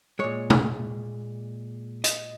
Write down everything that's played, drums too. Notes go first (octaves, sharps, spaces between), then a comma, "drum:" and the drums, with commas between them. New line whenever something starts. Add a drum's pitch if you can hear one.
A#2 G#3 C#5
drum: tom
D#5, drum: hi-hat